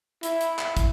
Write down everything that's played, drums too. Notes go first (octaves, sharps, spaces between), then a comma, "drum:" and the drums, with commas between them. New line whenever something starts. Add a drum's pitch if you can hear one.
E4, drum: hi-hat
drum: hi-hat
drum: clap
drum: kick, hi-hat